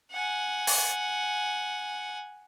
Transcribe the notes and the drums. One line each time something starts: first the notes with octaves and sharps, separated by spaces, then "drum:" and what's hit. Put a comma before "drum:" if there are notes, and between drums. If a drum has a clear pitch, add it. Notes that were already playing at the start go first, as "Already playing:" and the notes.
F#5 G#5
drum: open hi-hat